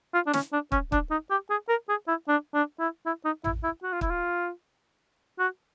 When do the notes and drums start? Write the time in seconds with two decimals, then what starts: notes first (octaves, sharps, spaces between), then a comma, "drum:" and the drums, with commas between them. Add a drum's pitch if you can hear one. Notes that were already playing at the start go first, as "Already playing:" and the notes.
0.14 F4
0.27 D4
0.33 C#4, drum: snare
0.52 D4
0.72 C#4, drum: kick
0.92 D4, drum: kick
1.11 D#4
1.30 G4
1.50 G#4
1.69 A#4
1.89 G#4
2.08 E4
2.28 D4
2.54 D4
2.79 E4
3.05 E4
3.25 D#4
3.44 E4, drum: tom A1
3.63 E4
3.83 F#4
3.92 F4
4.01 E4, drum: kick
4.10 F4
5.39 F#4